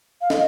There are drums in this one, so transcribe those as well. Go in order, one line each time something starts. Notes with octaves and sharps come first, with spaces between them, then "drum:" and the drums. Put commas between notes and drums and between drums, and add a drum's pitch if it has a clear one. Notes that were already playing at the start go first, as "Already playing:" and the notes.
F5
D#5, drum: snare